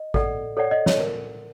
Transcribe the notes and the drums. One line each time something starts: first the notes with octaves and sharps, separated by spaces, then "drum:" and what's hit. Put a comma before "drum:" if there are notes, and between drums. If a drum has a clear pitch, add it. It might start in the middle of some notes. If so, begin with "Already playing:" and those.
Already playing: D#5
A4 D5 F#5, drum: kick A1
A4 C#5 D5 F#5
D#5
C#5, drum: snare
A#4